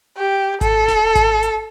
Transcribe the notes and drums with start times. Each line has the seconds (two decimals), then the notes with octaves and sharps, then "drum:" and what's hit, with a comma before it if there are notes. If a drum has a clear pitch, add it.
0.17 G4
0.61 A4, drum: kick G#1, hi-hat
0.88 drum: snare D#1
1.15 drum: kick G#1, hi-hat
1.43 drum: hi-hat